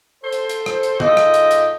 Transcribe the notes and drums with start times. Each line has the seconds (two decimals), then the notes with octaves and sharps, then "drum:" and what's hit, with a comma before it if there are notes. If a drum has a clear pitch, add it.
0.23 A4 C5
0.33 drum: hi-hat
0.49 drum: hi-hat
0.66 drum: rim click
0.83 drum: hi-hat
1.00 G#2 F4 G4 A4 D#5, drum: tom D3
1.17 drum: rim click
1.34 drum: hi-hat
1.51 drum: hi-hat